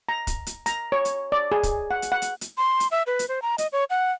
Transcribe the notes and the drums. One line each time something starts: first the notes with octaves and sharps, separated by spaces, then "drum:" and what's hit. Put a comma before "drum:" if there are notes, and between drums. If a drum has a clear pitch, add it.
A#5
drum: kick, hi-hat
drum: hi-hat
A#5, drum: hi-hat
C#5
drum: hi-hat
D5
G#4
drum: kick, hi-hat
F#5
drum: hi-hat
F#5
drum: hi-hat
drum: hi-hat
C6
drum: hi-hat
E5
B4
drum: hi-hat
C5
A#5
D#5, drum: hi-hat
C#5
F#5